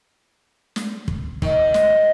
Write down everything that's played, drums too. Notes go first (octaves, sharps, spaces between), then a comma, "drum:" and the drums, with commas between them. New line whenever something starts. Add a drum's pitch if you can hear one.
drum: snare
drum: kick
D#3, drum: kick
drum: snare